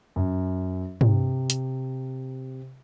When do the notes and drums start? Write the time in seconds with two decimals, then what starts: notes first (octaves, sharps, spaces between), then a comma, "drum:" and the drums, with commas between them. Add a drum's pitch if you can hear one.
0.16 F#2
1.01 C3, drum: tom
1.50 drum: hi-hat